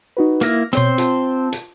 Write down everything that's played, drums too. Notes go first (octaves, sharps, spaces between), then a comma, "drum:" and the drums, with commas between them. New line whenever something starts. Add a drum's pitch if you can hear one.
D#4 F#4 B4
A#3 E4 F6 A#6, drum: hi-hat
B2 C4 C#5 C6 G6, drum: hi-hat
F4 A5, drum: hi-hat
drum: hi-hat